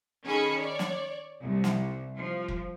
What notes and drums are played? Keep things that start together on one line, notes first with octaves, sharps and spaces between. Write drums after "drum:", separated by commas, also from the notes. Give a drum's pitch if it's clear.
D#3 C#4 G#4 A4 B5 C#7
C#5 D5
drum: snare
C2
drum: snare
F3
drum: kick F1